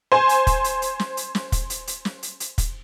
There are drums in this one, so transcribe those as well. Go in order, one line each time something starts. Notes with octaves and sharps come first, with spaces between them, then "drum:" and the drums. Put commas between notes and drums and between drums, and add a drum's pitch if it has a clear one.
C5 G#5
drum: hi-hat
drum: kick, hi-hat
drum: hi-hat
drum: hi-hat
drum: snare
drum: hi-hat
drum: snare
drum: kick, hi-hat
drum: hi-hat
drum: hi-hat
drum: snare
drum: hi-hat
drum: hi-hat
drum: kick, hi-hat